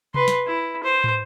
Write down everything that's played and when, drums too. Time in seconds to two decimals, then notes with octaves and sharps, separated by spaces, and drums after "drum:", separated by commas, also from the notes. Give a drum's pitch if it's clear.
0.14 B4 C6, drum: tom C3
0.28 drum: snare
0.47 E4
0.83 C5
1.04 drum: tom